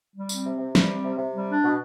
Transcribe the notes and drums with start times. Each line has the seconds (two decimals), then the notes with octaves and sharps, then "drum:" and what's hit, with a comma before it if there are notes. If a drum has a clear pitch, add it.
0.15 G3
0.29 C4, drum: tambourine
0.45 C3
0.59 C3
0.75 G3, drum: snare
0.90 C4
1.04 C3
1.18 C3
1.34 G3
1.49 D4
1.64 B2